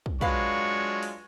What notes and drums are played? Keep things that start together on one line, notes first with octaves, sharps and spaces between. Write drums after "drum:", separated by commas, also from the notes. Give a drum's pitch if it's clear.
drum: kick
F#3 G#3 D4 F4 B4 F5 C#6, drum: kick
drum: open hi-hat